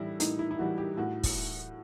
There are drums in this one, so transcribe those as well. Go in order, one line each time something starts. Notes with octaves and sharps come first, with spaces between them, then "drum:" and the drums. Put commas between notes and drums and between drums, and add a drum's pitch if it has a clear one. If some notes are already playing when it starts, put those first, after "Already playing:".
Already playing: A2 E3 G3 E4
A2 D#4, drum: hi-hat
E4
E4
E3 G3 F#4
G4
A2 F#4
drum: kick, open hi-hat